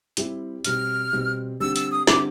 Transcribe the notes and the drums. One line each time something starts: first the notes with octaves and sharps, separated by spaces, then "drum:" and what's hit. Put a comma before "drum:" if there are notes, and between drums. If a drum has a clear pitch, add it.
G3 C4 E4 G4, drum: hi-hat
B2 G3 C4 F6, drum: hi-hat
B2 G3 C4
D3 G3 C4 E6
E6, drum: hi-hat
D#6
D3 G3 C4 D6, drum: snare